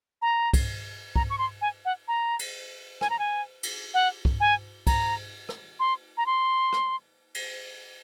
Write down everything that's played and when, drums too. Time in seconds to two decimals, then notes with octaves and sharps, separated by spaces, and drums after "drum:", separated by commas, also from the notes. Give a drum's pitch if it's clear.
0.22 A#5
0.53 drum: kick, cymbal
1.16 A#5, drum: kick
1.30 C#6
1.38 C6
1.62 G#5
1.85 F#5
2.08 A#5
2.39 drum: cymbal
3.01 G#5, drum: rim click
3.10 A#5
3.19 G#5
3.63 drum: cymbal
3.94 F#5
4.25 drum: kick
4.40 G#5
4.87 A#5, drum: kick, cymbal
5.49 drum: rim click
5.80 C6
6.17 A#5
6.26 C6
6.73 drum: rim click
7.35 drum: cymbal